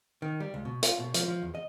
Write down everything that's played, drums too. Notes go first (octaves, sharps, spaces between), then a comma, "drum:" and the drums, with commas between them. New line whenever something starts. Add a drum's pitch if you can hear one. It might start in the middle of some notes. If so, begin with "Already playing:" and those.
D#3
G3
C#2
B2
F4, drum: hi-hat
B2
F3, drum: hi-hat
F3
E2
D#5